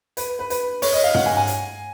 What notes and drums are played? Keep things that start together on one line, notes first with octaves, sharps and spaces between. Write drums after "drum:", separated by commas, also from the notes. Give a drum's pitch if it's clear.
B4, drum: hi-hat
B4
B4, drum: hi-hat
C#5, drum: open hi-hat
D#5
F5
F#5, drum: tom
G#5
G#5
drum: hi-hat